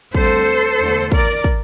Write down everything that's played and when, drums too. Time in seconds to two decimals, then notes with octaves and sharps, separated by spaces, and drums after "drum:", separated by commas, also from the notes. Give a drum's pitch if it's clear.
0.15 D2 D3 G3 C4 A4 C5, drum: kick
0.80 E2 D3 A3
1.12 A#4 D5, drum: kick
1.44 drum: kick